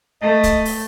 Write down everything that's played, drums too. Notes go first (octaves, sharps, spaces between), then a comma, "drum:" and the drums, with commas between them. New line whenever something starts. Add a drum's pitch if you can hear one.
A3 D#5
drum: kick D1, hi-hat
drum: open hi-hat